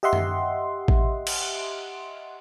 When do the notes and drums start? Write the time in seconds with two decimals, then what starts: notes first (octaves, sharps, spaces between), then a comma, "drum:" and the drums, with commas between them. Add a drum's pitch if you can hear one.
0.03 G4 D#5 E5 F#5 C6
0.13 drum: tom F#2
0.88 drum: kick A1
1.27 drum: cymbal